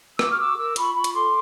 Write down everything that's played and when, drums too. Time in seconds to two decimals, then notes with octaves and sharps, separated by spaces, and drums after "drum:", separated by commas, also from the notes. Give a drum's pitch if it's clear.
0.19 F#4 D6 E6, drum: rim click
0.30 F6
0.39 F#4 D6 E6
0.57 A#4 D6 E6
0.76 F4 B5 C#6, drum: hi-hat
0.94 F4 B5 C#6
1.04 drum: hi-hat
1.14 A4 C6 D6